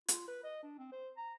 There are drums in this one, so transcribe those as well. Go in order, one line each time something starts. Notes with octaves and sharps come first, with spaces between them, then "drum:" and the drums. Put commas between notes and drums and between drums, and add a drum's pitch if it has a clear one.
F4, drum: hi-hat
B4
D#5
D4
C4
C5
A#5